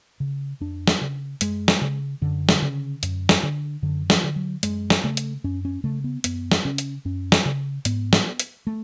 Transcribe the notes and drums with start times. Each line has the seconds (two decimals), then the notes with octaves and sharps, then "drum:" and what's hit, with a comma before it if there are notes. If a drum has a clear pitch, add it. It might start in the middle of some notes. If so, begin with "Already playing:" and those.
0.20 C#3
0.61 F2 D4
0.87 drum: snare
1.01 C#3
1.41 F#2 G#3, drum: hi-hat
1.68 drum: snare
1.82 C#3
2.22 F#2 D3
2.49 drum: snare
2.62 C#3
3.03 F#2, drum: hi-hat
3.29 drum: snare
3.43 D3
3.82 F#2 D3
4.10 F3, drum: snare
4.24 D3
4.36 F#3
4.63 F#2 G#3, drum: hi-hat
4.90 drum: snare
5.04 C#3 A3
5.17 drum: hi-hat
5.44 F#2 C#4
5.65 C#4
5.84 C#3 A3
6.04 B3
6.24 F#2 B3, drum: hi-hat
6.52 drum: snare
6.65 C#3 C#4
6.78 drum: hi-hat
7.05 F#2 C#4
7.32 drum: snare
7.45 C#3
7.85 G#2 B3, drum: hi-hat
8.13 drum: snare
8.40 drum: hi-hat
8.67 A3